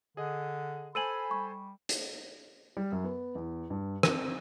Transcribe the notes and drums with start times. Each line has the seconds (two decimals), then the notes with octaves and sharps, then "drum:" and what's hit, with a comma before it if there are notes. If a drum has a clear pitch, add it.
0.17 D3 G#4 D#5
0.95 A4 C5 G#5 B5 E6 D#7 F#7
1.31 G3 C#6
1.89 drum: hi-hat
2.77 G3
2.92 F#2
3.04 B3
3.35 E2
3.70 G2
4.03 C4, drum: rim click